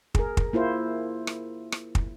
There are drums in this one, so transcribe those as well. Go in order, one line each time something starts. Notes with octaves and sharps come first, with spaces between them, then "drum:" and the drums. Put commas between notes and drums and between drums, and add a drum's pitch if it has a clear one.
G#4 A#4, drum: kick
drum: kick
A#3 E4 F4 C5
drum: rim click
drum: rim click
drum: kick